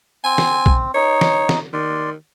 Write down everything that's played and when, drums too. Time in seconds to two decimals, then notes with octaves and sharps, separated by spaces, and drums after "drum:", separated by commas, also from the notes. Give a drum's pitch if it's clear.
0.24 C4 G#5
0.38 drum: snare
0.66 drum: kick B1
0.95 D#4 C#5
1.21 drum: snare
1.49 drum: snare
1.73 D#3 D5 C6